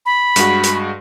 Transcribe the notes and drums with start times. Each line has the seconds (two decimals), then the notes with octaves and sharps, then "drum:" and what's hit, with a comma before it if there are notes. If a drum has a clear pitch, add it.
0.06 B5
0.36 G2 G#3 F#4, drum: hi-hat
0.64 drum: hi-hat